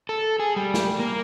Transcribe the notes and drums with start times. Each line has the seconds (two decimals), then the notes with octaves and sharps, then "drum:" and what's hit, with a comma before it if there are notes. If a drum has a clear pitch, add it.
0.09 A4
0.39 G#4
0.56 G3
0.74 drum: snare
0.99 A#3